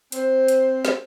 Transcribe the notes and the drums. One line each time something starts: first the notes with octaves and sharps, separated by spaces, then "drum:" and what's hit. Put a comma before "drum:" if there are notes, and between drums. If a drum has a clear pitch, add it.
C4 C5, drum: hi-hat
drum: hi-hat
drum: snare